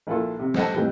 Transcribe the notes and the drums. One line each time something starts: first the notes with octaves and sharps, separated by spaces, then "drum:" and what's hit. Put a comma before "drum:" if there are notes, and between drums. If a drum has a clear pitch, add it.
A#1 E4 F4 A4 C6
C3
A4 C5 D#5 F#5 G5 A5, drum: snare
F2 A2 G3 B4 G5